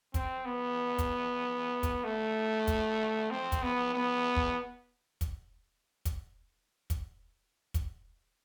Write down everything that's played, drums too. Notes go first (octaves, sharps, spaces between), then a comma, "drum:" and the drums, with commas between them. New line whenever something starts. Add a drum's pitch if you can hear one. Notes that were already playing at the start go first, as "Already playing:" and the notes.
C4, drum: kick, hi-hat
B3
drum: kick, hi-hat
drum: kick, hi-hat
A3
drum: kick, hi-hat
C4
drum: kick, hi-hat
B3
B3
drum: kick
drum: kick, hi-hat
drum: kick, hi-hat
drum: kick, hi-hat
drum: kick, hi-hat